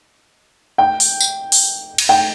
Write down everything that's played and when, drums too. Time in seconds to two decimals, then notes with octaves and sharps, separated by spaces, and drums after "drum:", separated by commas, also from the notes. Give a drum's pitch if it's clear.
0.78 G5
1.00 drum: open hi-hat
1.20 drum: tambourine
1.52 drum: open hi-hat
1.98 drum: cymbal
2.09 G5